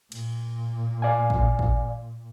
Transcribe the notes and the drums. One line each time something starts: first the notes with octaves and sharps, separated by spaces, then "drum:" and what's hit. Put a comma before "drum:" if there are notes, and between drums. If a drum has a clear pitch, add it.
A#2, drum: cymbal
D5 F5 G#5
drum: kick A1
drum: kick A1